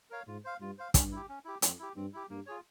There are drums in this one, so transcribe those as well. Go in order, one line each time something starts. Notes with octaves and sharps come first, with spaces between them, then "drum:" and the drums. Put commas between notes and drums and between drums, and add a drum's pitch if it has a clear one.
A#4 C#5 F5
G#2 F4
C5 F5
G2 F4
C5 F5
G2 C#4, drum: kick, hi-hat
E4 G4
C#4
E4 G4
F2 C4, drum: hi-hat
E4 G4
G2 C4
E4 G4
G2 A#3
F4 G#4 C#5